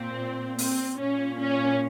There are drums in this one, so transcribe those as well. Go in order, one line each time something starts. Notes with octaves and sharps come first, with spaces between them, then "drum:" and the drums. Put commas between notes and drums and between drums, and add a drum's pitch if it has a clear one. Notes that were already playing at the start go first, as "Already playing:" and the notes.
Already playing: A#2 C4
C4, drum: open hi-hat
A#2 C#4
C#4